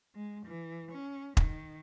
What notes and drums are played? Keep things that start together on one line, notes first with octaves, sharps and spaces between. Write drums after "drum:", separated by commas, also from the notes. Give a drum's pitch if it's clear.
G#3
E3
C#4
D#3, drum: kick